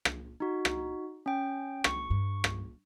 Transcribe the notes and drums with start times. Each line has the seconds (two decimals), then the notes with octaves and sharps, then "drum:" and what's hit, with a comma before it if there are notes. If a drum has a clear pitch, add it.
0.05 drum: rim click
0.40 D#4 F#4
0.65 drum: rim click
1.26 C#4 G5
1.84 G#3 C#6, drum: rim click
2.10 G2
2.44 drum: rim click